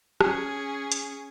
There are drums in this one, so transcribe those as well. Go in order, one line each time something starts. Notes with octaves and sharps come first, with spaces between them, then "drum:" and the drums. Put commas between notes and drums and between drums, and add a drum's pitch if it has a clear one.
C#4 G#4, drum: rim click
drum: hi-hat